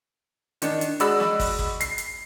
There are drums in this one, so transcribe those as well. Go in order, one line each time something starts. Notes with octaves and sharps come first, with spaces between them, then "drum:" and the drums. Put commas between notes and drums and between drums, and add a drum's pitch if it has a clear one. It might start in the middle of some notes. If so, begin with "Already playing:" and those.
D#3 D4, drum: hi-hat
drum: hi-hat
G#3 F#4 D5 D#5 B5 E6, drum: hi-hat
drum: snare
drum: kick, open hi-hat
drum: kick
C7, drum: hi-hat
drum: hi-hat